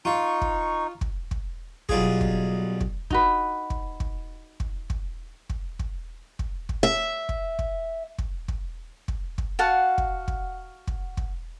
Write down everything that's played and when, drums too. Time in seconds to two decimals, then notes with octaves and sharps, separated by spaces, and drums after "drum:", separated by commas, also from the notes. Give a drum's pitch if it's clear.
0.05 D#4 F4 C#6
0.41 drum: kick
1.01 drum: kick
1.31 drum: kick
1.89 B1 G3 F4 G#4, drum: kick
2.21 drum: kick
2.81 drum: kick
3.10 D#4 F#4 B4, drum: kick
3.70 drum: kick
4.00 drum: kick
4.60 drum: kick
4.90 drum: kick
5.50 drum: kick
5.79 drum: kick
6.39 drum: kick
6.69 drum: kick
6.83 E5
7.29 drum: kick
7.59 drum: kick
8.18 drum: kick
8.48 drum: kick
9.08 drum: kick
9.38 drum: kick
9.59 F#4 F5 F#5 A5
9.98 drum: kick
10.28 drum: kick
10.87 drum: kick
11.17 drum: kick